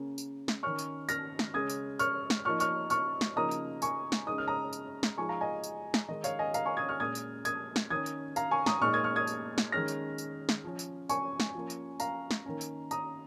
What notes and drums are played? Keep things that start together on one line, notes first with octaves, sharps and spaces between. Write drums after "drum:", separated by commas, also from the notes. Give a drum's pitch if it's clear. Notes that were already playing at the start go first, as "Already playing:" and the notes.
Already playing: C#3 A#3 C#4
drum: tambourine
drum: snare
D#3 C#4 C#6 F6
drum: tambourine
F6 A#6, drum: tambourine
drum: snare
C#3 G#3 C#4 D#6 G#6
drum: tambourine
C#6 F6, drum: tambourine
drum: snare
F3 A#3 D#4 C#6 F6
C#6 F6, drum: tambourine
C#6 F6, drum: tambourine
drum: snare
C#3 F3 A#3 D#4 A#5 D#6
drum: tambourine
G#5 C#6, drum: tambourine
drum: snare
C#3 G#3 D#4 D#6
F6
A#5 D#6
drum: tambourine
drum: snare
F3 G#3 D#4 G#5 C#6
F5 A#5
D#5 G#5
drum: tambourine
drum: snare
D#3 G#3 D#4 D#5
C#5 F5, drum: tambourine
D#5 G#5
F5 A#5, drum: tambourine
G#5 C#6
D#6 G#6
C#6 F6
A#2 G#3 C#4 D#6 G#6
drum: tambourine
D#6 G#6, drum: tambourine
drum: snare
D#3 C#4 D#6 G#6
drum: tambourine
F5 A#5, drum: tambourine
G#5 C#6
A#5 D#6, drum: snare
A#2 G#3 D#4 C#6 F6
D#6 G#6
C#6 F6
D#6 G#6
drum: tambourine
drum: snare
D#3 G#3 C#4 F6 A#6
drum: tambourine
drum: tambourine
drum: snare
F3 C#4
drum: tambourine
G#5 C#6, drum: tambourine
drum: snare
F3 A#3 C#4
drum: tambourine
F5 A#5, drum: tambourine
drum: snare
D#3 A#3 C#4
drum: tambourine
A#5 D#6, drum: tambourine